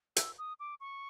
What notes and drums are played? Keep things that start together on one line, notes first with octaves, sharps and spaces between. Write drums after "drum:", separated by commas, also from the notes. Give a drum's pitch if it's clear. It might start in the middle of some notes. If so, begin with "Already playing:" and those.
E6, drum: hi-hat
D#6
D6
C#6